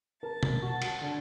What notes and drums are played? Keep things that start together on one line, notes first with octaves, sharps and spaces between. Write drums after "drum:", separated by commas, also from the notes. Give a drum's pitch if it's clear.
A#4 A5
drum: tom B2
F#4
drum: cymbal
D3